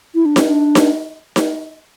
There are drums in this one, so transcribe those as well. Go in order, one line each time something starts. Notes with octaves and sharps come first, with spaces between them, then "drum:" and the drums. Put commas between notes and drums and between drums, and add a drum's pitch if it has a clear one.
E4
D4
C#4, drum: snare D#4
D4
drum: snare D#4
drum: snare D#4